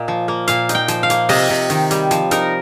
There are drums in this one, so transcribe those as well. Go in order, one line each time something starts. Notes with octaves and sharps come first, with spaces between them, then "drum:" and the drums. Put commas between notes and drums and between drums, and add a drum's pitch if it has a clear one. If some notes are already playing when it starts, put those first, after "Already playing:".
Already playing: A#2 A#3 D#5
F3
A#3
A#2 F5, drum: hi-hat
D#4, drum: hi-hat
G5
F3, drum: hi-hat
F5
A#3, drum: hi-hat
C3 D#5, drum: open hi-hat
C3
D#3, drum: hi-hat
G3, drum: hi-hat
F3, drum: hi-hat
D#4 A#4, drum: hi-hat